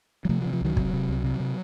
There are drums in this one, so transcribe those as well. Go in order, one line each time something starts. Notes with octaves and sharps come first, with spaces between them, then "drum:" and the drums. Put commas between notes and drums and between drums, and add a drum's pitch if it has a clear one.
F#3
C3 F3 A3
F3
C3
F3
C2 D#3 F#3
C3, drum: kick
C3
C2
C3
C3